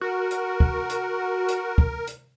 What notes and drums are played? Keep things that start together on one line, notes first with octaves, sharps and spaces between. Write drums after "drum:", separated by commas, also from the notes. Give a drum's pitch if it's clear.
F#4 A#4
drum: hi-hat
drum: kick
drum: hi-hat
drum: hi-hat
drum: kick
drum: hi-hat